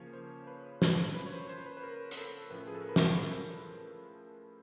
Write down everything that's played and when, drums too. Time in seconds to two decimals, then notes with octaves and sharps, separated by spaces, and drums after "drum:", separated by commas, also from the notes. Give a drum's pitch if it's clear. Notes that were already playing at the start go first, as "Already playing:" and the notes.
Already playing: C#3 F3 A#3 C#4 C#5
0.13 C5
0.47 B4
0.82 B4, drum: snare
1.15 B4
1.26 C#5
1.32 C5
1.49 C5
1.66 B4
1.77 B4
1.83 A#4
2.11 A#4, drum: hi-hat
2.17 A4
2.50 A2 F3 A3 C#4 B4
2.67 G#4
2.75 A4
2.81 A#4
2.89 B4
2.96 C5, drum: snare